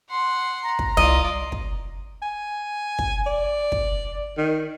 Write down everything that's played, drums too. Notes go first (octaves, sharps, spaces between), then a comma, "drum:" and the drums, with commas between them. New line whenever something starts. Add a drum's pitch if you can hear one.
F#5 C6
A#5
drum: kick
C2 F4 D5 D#5
drum: kick
G#5
drum: kick
D5
drum: kick
D#3